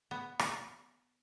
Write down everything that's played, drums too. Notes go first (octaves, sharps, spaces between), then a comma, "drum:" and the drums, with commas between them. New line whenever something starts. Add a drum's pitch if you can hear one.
B3
drum: rim click